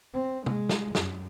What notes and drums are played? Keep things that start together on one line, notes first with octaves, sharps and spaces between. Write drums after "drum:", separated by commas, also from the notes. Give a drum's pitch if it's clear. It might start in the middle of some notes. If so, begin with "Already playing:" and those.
C4
G#3, drum: tom
drum: snare
F#2, drum: snare